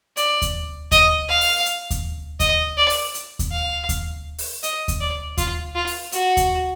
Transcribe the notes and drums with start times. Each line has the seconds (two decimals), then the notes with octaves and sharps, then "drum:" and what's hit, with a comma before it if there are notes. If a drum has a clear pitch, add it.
0.17 D5, drum: hi-hat
0.42 drum: kick D#2, hi-hat
0.92 D#5, drum: kick D#2, hi-hat
1.29 F5
1.41 drum: open hi-hat
1.66 drum: hi-hat
1.91 drum: kick D#2, hi-hat
2.40 D#5, drum: kick D#2, hi-hat
2.77 D5
2.90 drum: open hi-hat
3.14 drum: hi-hat
3.39 drum: kick D#2, hi-hat
3.51 F5
3.89 drum: kick D#2, hi-hat
4.38 drum: open hi-hat
4.63 D#5, drum: hi-hat
4.88 drum: kick D#2, hi-hat
5.00 D5
5.37 F4, drum: kick D#2, hi-hat
5.75 F4
5.87 drum: open hi-hat
6.12 F#4, drum: hi-hat
6.37 drum: kick D#2, hi-hat